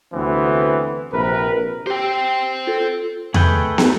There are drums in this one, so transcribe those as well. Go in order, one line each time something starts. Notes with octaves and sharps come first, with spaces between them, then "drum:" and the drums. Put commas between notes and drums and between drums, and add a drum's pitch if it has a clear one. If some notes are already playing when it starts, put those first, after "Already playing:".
D2 C3 E3 B3 C4
A#1 C3 A#4 B4
G4 C5 G5
F4 A4
A3 G#4 A4 B4 G5, drum: tom E2
drum: snare